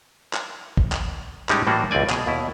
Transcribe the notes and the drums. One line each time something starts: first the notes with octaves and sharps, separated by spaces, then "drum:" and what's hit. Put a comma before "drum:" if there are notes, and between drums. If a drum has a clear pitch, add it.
drum: clap
drum: kick
drum: clap
A2 G3 G#3 C#4 D#4 G4, drum: clap
A2 E3 G3 A#3 D4 F#4
C#2 B2 C4 D5 G#5
B2 G#4, drum: clap
D#2 B2 E4